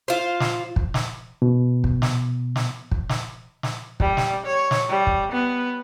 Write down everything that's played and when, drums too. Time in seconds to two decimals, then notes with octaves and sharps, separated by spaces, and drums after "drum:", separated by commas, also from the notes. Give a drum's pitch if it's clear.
0.08 F4 C5
0.40 drum: snare
0.76 drum: kick
0.94 drum: snare
1.42 B2
1.84 drum: kick
2.02 drum: snare
2.56 drum: snare
2.91 drum: kick
3.09 drum: snare
3.63 drum: snare
4.00 G3, drum: kick
4.17 drum: snare
4.46 C#5
4.71 drum: snare
4.89 G3
5.07 drum: kick
5.32 B3